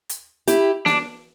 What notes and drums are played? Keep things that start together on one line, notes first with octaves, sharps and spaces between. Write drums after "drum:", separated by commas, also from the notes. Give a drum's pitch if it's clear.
drum: hi-hat
E4 G4, drum: hi-hat
D4, drum: snare